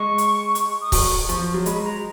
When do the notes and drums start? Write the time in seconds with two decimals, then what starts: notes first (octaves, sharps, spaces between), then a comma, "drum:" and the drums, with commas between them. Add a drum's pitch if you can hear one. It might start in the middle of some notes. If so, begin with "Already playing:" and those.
Already playing: G#3 C#6
0.18 drum: hi-hat
0.55 drum: hi-hat
0.81 D#6
0.92 F#3 C#6, drum: kick C#1, open hi-hat
1.29 F3, drum: hi-hat
1.54 F#3
1.66 G#3 B5, drum: hi-hat
1.84 A#5